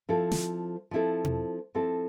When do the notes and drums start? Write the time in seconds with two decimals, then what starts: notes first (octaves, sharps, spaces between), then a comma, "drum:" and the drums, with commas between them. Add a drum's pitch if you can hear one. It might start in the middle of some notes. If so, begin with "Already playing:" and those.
0.09 F3 C4 E4 A4
0.32 drum: snare
0.91 F3 C4 E4 A4
1.25 drum: tom B2
1.75 F3 C4 E4 A4